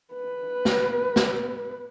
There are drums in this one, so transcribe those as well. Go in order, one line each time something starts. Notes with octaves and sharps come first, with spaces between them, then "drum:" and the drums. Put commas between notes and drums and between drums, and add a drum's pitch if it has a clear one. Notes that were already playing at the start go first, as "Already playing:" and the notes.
B4
drum: snare
drum: snare